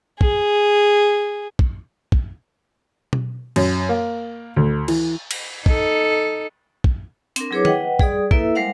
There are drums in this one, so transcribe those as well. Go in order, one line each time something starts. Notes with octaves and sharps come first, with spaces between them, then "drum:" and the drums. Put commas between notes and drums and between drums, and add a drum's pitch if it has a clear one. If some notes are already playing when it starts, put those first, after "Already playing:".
G#4, drum: kick
drum: kick
drum: kick
drum: tom B2
F#2, drum: cymbal
A#3
D2
E3, drum: cymbal
drum: cymbal
D#4 A4, drum: kick
drum: kick
C4 D4 A#4, drum: hi-hat
F#3 E4 G#4 B4 C#5 D6
B4 D#5 F#5 G5, drum: tom
G3 G#4 D5 D#6, drum: kick
A#3 E4 A4 B4 E5 E6, drum: kick
G3 G#3 A#4 C5 F5 F#5